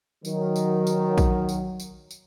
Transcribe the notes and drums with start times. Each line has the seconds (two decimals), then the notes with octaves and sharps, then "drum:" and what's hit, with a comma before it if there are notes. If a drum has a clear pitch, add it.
0.25 D#3 F#3, drum: tambourine
0.56 drum: tambourine
0.87 drum: tambourine
1.18 drum: kick A#1, tambourine
1.49 drum: tambourine
1.80 drum: tambourine
2.11 drum: tambourine